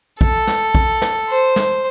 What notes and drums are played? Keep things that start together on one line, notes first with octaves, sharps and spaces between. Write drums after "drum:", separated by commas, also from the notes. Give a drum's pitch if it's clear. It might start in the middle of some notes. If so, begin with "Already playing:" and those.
A4, drum: kick
drum: snare
drum: kick
drum: snare
C5
drum: snare